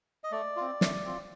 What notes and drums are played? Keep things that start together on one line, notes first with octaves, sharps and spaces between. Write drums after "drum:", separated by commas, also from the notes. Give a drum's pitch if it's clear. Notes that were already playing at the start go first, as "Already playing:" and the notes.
D#5
A3 D5
F4
C4
A3, drum: snare
C4 F4